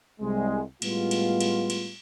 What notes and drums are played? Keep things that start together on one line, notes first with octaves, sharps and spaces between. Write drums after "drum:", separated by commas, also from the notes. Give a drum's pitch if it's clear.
C2 G#3
A2 G3 G#3 B3 F4, drum: cymbal
drum: cymbal
drum: cymbal
drum: cymbal